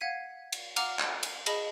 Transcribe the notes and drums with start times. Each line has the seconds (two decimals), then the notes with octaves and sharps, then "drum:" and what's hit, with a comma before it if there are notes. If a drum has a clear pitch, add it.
0.01 F5 F#5 G#6 B6 D#7
0.53 drum: cymbal
0.76 F5 F#5 A#5 D6 F6, drum: cymbal
0.99 drum: clap
1.23 drum: cymbal
1.46 G#4 D#5 A5 B5 A#6 F#7, drum: cymbal